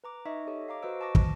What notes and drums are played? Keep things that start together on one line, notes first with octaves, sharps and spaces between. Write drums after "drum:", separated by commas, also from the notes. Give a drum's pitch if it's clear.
B4 A#5 D6
D#4 D#5 E5 C#6
G4 A4 C#5 D#5
F5 A#5 D6
F#4 B4 C5 D#5 E6 D7
A5 C#6 D6 A#6
drum: kick